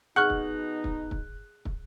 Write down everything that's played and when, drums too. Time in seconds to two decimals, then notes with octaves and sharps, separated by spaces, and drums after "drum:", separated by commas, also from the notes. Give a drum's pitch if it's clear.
0.16 B2 D#4 G#4 F#5 C#6 F6 F#6
0.30 drum: kick
0.84 drum: kick
1.11 drum: kick
1.65 drum: kick